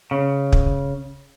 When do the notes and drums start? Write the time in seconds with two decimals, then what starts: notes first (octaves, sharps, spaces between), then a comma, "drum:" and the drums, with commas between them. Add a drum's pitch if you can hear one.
0.11 C#3
0.52 drum: kick